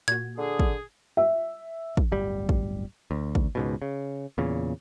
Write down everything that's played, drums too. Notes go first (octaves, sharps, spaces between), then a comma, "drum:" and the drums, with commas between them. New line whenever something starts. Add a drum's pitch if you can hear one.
A#2 F#4 G#6
D3 G#4
drum: kick
E5
drum: kick
D1 G1 G3
drum: kick
D2
drum: kick
C#2 G#2 B2
C#3
E2 A#2 C#3